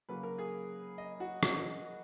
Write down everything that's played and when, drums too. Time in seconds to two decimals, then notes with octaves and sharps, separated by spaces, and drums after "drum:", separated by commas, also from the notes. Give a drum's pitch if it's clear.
0.09 C#3 F#3 A#3 B4
0.23 A#4
0.38 G#4
0.98 D#5
1.20 F#4
1.43 drum: rim click